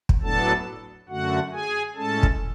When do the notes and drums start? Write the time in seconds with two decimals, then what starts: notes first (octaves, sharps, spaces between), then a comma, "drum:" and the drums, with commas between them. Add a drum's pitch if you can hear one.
0.09 drum: kick
0.22 A2 F#3 B3 D4 A4 A5
1.09 F#2 D3 A3 F#4 F#5
1.52 G#4 G#5
1.96 A2 G#3 C#4 A4 A5
2.23 drum: kick